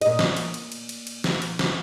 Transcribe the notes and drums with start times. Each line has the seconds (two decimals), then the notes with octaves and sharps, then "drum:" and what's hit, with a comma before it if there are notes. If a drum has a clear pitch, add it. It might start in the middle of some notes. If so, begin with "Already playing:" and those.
0.01 A#2 D#5, drum: cymbal
0.19 drum: snare
0.37 drum: cymbal
0.54 drum: cymbal
0.72 drum: cymbal
0.89 drum: cymbal
1.07 drum: cymbal
1.24 drum: snare
1.42 drum: cymbal
1.59 drum: snare